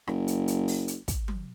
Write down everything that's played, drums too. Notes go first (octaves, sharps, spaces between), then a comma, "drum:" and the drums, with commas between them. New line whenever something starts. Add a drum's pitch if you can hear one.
F#1, drum: rim click
drum: hi-hat
drum: hi-hat
drum: open hi-hat
drum: hi-hat
drum: kick, hi-hat
drum: tom F#3